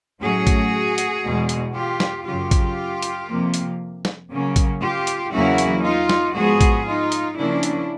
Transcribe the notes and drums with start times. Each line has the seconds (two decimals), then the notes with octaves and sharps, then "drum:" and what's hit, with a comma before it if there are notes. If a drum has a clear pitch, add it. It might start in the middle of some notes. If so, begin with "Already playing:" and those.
0.21 A2 F#3 A3 C#4 F#4 G#4
0.47 drum: kick, hi-hat
0.98 drum: hi-hat
1.24 E2 B2 G#3
1.49 drum: hi-hat
1.74 F4 G4
2.00 drum: snare
2.25 F#2 C#3 F#3 F4 G4
2.51 drum: kick, hi-hat
3.02 drum: hi-hat
3.28 F2 C3 F3 A#3
3.54 drum: hi-hat
4.05 drum: snare
4.30 C#3 F#3 A#3 C#4
4.56 drum: kick, hi-hat
4.81 F4 G4
5.07 drum: hi-hat
5.32 E2 C#3 F#3 A#3 C#4 E4 F#4
5.58 drum: hi-hat
5.83 D#4 F4
6.09 drum: snare
6.35 G#2 F3 G#3 B3 F#4 G#4
6.61 drum: kick, hi-hat
6.86 D#4 F4
7.12 drum: hi-hat
7.37 C#3 F3 A#3 C#4 D4 E4
7.63 drum: hi-hat